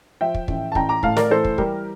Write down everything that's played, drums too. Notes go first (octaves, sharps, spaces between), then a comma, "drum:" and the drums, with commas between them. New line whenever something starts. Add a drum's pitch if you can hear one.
F3 E5 G5
drum: kick
A1, drum: kick
A5
A1 G5 A#5, drum: kick
A#5 D6
A2 F5 A5, drum: kick
A#4 D5, drum: snare
E3 A4 C5
drum: kick
G3 G4 A#4, drum: kick